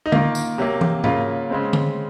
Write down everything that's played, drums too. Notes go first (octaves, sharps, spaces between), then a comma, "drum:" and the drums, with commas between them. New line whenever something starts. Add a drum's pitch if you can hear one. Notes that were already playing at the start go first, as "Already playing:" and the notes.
D#4
D#3 A#3 F4, drum: tom D3
drum: tambourine
C3 F#3 A#3
drum: tom
C#3 F#3 A#3 F4, drum: tom G#2
C#3 G#3 C4
drum: tom D3